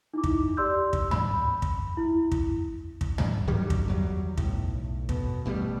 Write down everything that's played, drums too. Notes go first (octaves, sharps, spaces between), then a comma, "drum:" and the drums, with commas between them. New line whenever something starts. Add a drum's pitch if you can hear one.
D#4 E4 D6
drum: kick
G4 D5 C6 E6 G6
drum: kick
B5, drum: tom
drum: kick
E4
drum: kick
drum: kick
drum: tom
G2 D#3 F#3 G3
drum: kick
E2 F#3 G3
B1 A2, drum: kick
B2, drum: kick
A1 B2 E3 G3